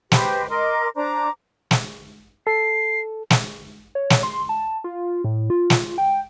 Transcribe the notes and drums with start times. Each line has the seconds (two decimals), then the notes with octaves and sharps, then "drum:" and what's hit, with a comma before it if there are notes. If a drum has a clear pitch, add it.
0.12 G4 B4 C5 D#5, drum: snare
0.49 A#4 D#5 C6 D6
0.95 D4 C5 A#5 D6
1.71 drum: snare
2.47 A4 C7
3.30 drum: snare
3.95 C#5
4.10 drum: snare
4.23 C6
4.49 A5
4.84 F4
5.24 A2
5.50 F4
5.70 drum: snare
5.98 G5